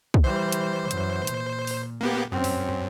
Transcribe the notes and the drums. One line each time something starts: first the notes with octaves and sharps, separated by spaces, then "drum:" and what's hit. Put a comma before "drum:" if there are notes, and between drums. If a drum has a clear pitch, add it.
drum: kick
E3 G3 C5
drum: hi-hat
F#2 E3, drum: hi-hat
A#2, drum: hi-hat
drum: open hi-hat
A#3 B3 G4
F#2 C4 C#4
drum: open hi-hat